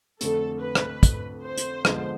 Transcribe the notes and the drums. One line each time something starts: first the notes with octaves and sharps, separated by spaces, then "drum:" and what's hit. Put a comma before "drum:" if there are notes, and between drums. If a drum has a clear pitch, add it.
F2 D3 A3 A4, drum: hi-hat
B4
drum: rim click
drum: kick, hi-hat
C5
drum: hi-hat
D3 F3 G#3 B3, drum: rim click